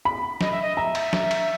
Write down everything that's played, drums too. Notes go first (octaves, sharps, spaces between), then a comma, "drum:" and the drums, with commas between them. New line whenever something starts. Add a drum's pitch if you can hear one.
B5
D#5, drum: snare
E5
D#5
E5 A#5
drum: cymbal
drum: snare
drum: cymbal